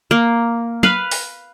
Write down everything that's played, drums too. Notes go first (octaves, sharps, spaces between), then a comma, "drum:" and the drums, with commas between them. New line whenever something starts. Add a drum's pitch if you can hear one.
A#3
B4 F5, drum: tom
drum: open hi-hat